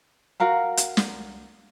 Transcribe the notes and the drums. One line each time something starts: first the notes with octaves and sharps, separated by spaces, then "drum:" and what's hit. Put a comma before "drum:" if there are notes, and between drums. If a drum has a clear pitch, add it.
F#4 A#4 F5 A#5
drum: hi-hat
drum: snare